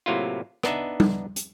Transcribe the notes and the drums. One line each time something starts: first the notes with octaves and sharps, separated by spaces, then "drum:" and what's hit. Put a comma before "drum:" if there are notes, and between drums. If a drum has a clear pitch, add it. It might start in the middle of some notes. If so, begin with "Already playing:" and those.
A2 C3 F#3 A#3 E4 F4
B3 D4 D#4 E5, drum: rim click
drum: tom G3
drum: hi-hat